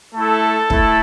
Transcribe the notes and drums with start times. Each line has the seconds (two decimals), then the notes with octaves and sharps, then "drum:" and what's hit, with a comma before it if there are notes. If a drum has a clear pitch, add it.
0.14 A3 E4 A4
0.70 A3 E4, drum: kick